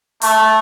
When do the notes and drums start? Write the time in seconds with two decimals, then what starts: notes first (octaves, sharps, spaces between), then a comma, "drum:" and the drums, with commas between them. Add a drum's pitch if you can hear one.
0.22 A3, drum: open hi-hat